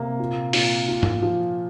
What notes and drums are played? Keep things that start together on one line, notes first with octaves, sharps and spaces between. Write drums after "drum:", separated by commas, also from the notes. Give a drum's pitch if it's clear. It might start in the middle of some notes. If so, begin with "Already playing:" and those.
Already playing: C3 A#3
A#2
A#2, drum: open hi-hat
A#2
drum: tom G#2
F3